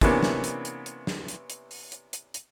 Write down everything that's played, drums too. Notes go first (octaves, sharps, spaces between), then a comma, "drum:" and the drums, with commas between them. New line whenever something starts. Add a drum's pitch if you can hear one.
C3 E3 A#3 B3 C#4 D4, drum: kick, hi-hat
drum: snare
drum: hi-hat
drum: hi-hat
drum: hi-hat
drum: snare
drum: hi-hat
drum: hi-hat
drum: open hi-hat
drum: hi-hat
drum: hi-hat
drum: hi-hat